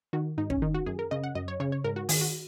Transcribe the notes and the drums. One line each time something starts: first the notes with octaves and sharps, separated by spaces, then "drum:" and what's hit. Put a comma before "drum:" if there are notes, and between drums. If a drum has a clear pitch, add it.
D#3 F#4
G#2 D#4
C#4, drum: kick
D#3 D#4
F#4
F#2 G#4
A#4
C#3 D#5
F#5
F#2 D#5
C#5
C#3 C#5
C#5
G#2 A#4
F#4
D#3 G#4, drum: open hi-hat
F#4